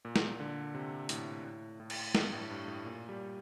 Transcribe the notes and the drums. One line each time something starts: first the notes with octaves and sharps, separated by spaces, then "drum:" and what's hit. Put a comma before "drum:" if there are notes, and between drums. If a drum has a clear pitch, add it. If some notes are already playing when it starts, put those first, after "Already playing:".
A#2
drum: snare
D3
C3
A2, drum: hi-hat
A2
A2
drum: cymbal
G2, drum: snare
A2
G2
A2
A#2
G3